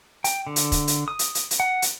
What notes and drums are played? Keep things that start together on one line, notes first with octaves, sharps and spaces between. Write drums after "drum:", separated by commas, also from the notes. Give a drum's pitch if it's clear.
G5, drum: hi-hat
D3
drum: hi-hat
drum: kick, hi-hat
drum: hi-hat
D#6
drum: hi-hat
drum: hi-hat
drum: hi-hat
F#5
drum: hi-hat